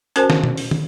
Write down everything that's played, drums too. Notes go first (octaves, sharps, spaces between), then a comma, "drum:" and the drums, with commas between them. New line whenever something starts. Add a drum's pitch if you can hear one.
C#4 F#4 A#4 C5 G#5 A5, drum: hi-hat
drum: snare
drum: tom
drum: open hi-hat
drum: tom